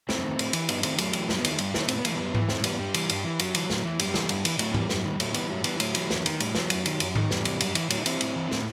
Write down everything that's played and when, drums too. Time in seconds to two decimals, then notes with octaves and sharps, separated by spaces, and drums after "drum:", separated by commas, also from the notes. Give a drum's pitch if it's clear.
0.09 F#2 A3 C4, drum: snare
0.23 D#3
0.39 A2, drum: cymbal
0.53 E3, drum: cymbal
0.69 G2 B3 D#4, drum: cymbal
0.83 D#3 A3 C4, drum: cymbal
0.98 F#2 F#3 A3, drum: cymbal
1.13 E3, drum: cymbal
1.29 G2, drum: snare
1.39 B3
1.45 D#3 A3, drum: cymbal
1.59 G2 G3, drum: cymbal
1.74 D#3 F#3 A3, drum: snare
1.88 A2 C4, drum: cymbal
1.98 B3
2.05 E3 A3, drum: cymbal
2.15 F#2 G3 B3
2.35 E3, drum: tom G#2
2.49 A2 A3 C4, drum: snare
2.64 E3 G3 B3, drum: cymbal
2.79 G2 G3
2.94 E3, drum: cymbal
3.09 G2, drum: cymbal
3.24 E3
3.39 F#2 F#3, drum: cymbal
3.55 E3, drum: cymbal
3.70 A2, drum: snare
3.85 E3
3.99 F#2 G3, drum: cymbal
4.14 E3, drum: snare
4.29 G2, drum: cymbal
4.45 E3, drum: cymbal
4.59 A2 F#3 A3, drum: cymbal
4.74 E3 G3, drum: tom G#2
4.89 F#2 G3, drum: snare
5.05 D#3 G3
5.20 A2 F#3 A3, drum: cymbal
5.34 E3 G3 B3, drum: cymbal
5.50 G2 F#3 A3
5.64 E3 G3 B3, drum: cymbal
5.80 A2 F#3 A3, drum: cymbal
5.95 E3, drum: cymbal
6.10 E2, drum: snare
6.26 D#3, drum: cymbal
6.40 A2 G3, drum: cymbal
6.55 E3 F#3, drum: snare
6.70 F#2, drum: cymbal
6.86 D#3, drum: cymbal
7.00 F#2, drum: cymbal
7.15 D#3, drum: tom G#2
7.31 E2 G3, drum: snare
7.45 C3 E3, drum: cymbal
7.61 F#2, drum: cymbal
7.75 E3, drum: cymbal
7.90 A2 F#3, drum: cymbal
7.99 D#4
8.06 E3 C4 E4, drum: cymbal
8.21 A2, drum: cymbal
8.36 E3
8.51 A2, drum: snare